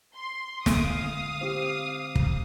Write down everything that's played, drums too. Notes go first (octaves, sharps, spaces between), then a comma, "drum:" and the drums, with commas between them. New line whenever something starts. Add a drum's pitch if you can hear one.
C6
D3 G#3 F5 D#6 D7, drum: snare
C4 G4
drum: kick